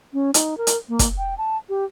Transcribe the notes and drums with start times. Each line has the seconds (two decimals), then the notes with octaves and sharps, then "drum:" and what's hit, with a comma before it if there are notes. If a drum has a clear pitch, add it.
0.13 C#4
0.34 D#4, drum: hi-hat
0.58 A#4
0.67 drum: hi-hat
0.89 A#3
0.99 drum: kick, hi-hat
1.18 G5
1.38 A5
1.69 G4